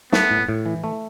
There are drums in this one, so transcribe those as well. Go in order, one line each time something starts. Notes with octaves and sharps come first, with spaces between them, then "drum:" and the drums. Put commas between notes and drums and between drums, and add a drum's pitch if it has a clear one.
A3 B3, drum: snare
A2
A2
E3
A3